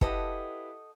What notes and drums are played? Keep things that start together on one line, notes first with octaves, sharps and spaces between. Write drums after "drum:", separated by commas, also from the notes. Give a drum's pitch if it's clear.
E4 G4 A4 B4 D#5 F#5, drum: kick